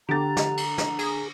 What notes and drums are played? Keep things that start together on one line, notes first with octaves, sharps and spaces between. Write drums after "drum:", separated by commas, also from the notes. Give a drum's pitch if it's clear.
D3 G4 A#5 A6
drum: snare
drum: cymbal
drum: snare
G#4, drum: cymbal